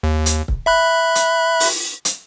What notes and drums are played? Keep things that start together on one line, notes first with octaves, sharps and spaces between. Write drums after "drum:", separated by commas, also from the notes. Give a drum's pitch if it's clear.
D#2
drum: hi-hat
drum: kick C#1
E5 B5 F#6
drum: hi-hat
drum: open hi-hat
drum: hi-hat